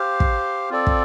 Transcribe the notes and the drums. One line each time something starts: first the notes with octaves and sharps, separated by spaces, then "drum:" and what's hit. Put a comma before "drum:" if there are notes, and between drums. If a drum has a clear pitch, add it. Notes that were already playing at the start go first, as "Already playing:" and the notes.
Already playing: G4 C5 F5
drum: kick
C4 F4 A4 D5
drum: kick